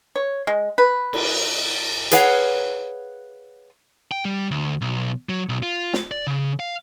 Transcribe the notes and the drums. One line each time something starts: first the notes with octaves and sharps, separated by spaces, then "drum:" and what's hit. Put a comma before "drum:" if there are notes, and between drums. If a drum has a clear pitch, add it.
C#5
G#3
B4
drum: cymbal
G#4 B4 C#5 F5 F#5, drum: hi-hat
G5
G3
D2
B1
F#3
B1
F4
drum: snare
D5
C#3
F5